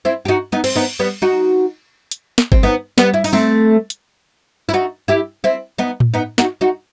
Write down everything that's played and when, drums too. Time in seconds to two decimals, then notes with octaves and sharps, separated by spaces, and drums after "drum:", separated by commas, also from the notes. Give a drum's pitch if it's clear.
0.05 C4 E4
0.25 G4
0.28 D#4 F#4
0.52 B3 D#4
0.64 C4, drum: cymbal
0.76 B3 D#4
1.00 G3 B3
1.22 D#4 F#4
2.11 drum: hi-hat
2.38 drum: snare
2.52 C4, drum: kick G#1
2.63 B3 D#4
2.98 G3 B3, drum: snare
3.14 E4
3.24 D#4, drum: open hi-hat
3.33 A3 C4
3.90 drum: hi-hat
4.69 E4
4.73 D#4 F#4
5.08 E4 G4
5.44 C4 E4
5.78 B3 D#4
6.00 drum: tom A2
6.14 B3 D#4
6.38 D#4 F#4, drum: snare
6.61 D#4 F#4